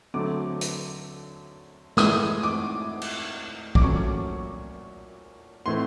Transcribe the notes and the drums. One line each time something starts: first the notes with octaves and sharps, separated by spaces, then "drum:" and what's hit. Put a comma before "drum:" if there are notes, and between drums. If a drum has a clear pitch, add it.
D3 F#3 A3 C4 D6
drum: hi-hat
A2 E3 G#3 D#6, drum: snare
D6
drum: cymbal
D6, drum: kick
A#2 F#3 A3 C#4 C#6
A2 E3 A3 C4 C6